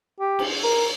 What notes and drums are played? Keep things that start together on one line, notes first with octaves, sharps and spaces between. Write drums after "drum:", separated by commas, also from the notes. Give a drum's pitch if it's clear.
G4
drum: cymbal
A#4